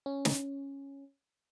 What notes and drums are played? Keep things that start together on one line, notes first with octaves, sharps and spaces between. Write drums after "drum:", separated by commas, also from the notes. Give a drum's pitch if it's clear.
C#4
drum: snare